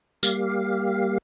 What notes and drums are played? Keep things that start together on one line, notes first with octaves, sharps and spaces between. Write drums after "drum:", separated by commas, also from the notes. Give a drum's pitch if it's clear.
G3 A#3 G4 F5, drum: tambourine